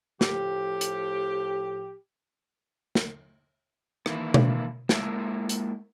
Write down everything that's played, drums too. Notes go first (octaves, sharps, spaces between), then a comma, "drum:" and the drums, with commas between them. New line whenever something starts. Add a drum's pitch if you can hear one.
A2 F3 G4, drum: snare
drum: hi-hat
drum: snare
D#3 E3 A3 A#3 E4, drum: rim click
drum: tom B2
G#3 A#3 E4 A#4 E5, drum: snare
drum: hi-hat